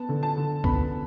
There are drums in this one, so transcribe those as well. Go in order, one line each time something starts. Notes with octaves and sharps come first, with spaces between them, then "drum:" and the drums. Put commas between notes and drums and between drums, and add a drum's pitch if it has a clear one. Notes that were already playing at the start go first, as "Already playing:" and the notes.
Already playing: B3 A5
D3
A5
D3
B3 B5, drum: kick